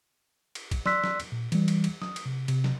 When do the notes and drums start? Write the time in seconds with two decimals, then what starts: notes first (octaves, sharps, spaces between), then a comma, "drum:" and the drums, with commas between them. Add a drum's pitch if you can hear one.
0.55 drum: cymbal
0.71 drum: kick, cymbal
0.86 D5 C6 E6 F#6 B6, drum: snare
1.04 drum: snare
1.20 drum: cymbal
1.32 A#2
1.52 E3 G3, drum: cymbal
1.68 drum: cymbal
1.84 drum: cymbal
2.02 D#6, drum: snare
2.16 drum: cymbal
2.26 C3
2.48 C3, drum: cymbal
2.64 drum: snare